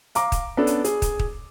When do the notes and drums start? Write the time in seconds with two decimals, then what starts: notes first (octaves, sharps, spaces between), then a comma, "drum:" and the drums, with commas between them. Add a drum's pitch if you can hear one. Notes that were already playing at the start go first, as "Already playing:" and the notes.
0.15 F5 A#5 D6, drum: hi-hat
0.32 drum: kick, hi-hat
0.57 B3 C#4 D4 A4
0.67 drum: hi-hat
0.84 G#4, drum: hi-hat
1.02 drum: kick, hi-hat
1.19 drum: kick